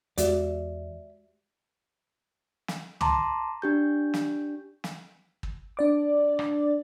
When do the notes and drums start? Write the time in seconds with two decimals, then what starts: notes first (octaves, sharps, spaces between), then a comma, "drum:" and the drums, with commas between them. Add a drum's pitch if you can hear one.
0.18 E2 G#3 F#4 G4 D5 E5, drum: hi-hat
2.68 drum: snare
3.01 A5 A#5 C6 D6, drum: tom
3.62 D4 G4 G6
4.14 drum: snare
4.84 drum: snare
5.43 drum: kick
5.77 D4 D5 D6
6.39 drum: rim click